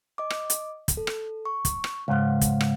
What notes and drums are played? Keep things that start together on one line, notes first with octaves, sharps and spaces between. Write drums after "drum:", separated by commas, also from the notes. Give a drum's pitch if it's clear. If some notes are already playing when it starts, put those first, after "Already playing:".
D#5 D6
drum: rim click
drum: hi-hat
drum: kick, hi-hat
A4
drum: rim click
C#6
drum: kick, hi-hat
drum: rim click
C#2 G#2 F5 F#5
drum: kick, hi-hat
drum: rim click